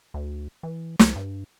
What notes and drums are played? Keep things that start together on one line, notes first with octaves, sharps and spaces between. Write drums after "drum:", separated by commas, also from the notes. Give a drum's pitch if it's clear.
D2
E3
C2, drum: snare
G2